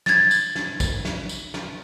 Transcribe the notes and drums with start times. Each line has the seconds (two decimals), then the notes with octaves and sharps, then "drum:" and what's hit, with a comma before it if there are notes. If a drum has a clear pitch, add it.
0.06 G#6 A6, drum: snare
0.31 drum: tambourine
0.55 drum: snare
0.80 drum: kick, tambourine
1.05 drum: snare
1.29 drum: tambourine
1.54 drum: snare